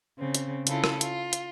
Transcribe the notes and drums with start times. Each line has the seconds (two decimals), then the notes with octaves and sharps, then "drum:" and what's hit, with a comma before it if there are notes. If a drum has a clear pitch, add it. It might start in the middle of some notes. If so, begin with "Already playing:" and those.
0.18 C#3 C4
0.35 drum: hi-hat
0.67 C#3 E4 F4 A4, drum: hi-hat
0.84 drum: rim click
1.01 F4, drum: hi-hat
1.33 drum: hi-hat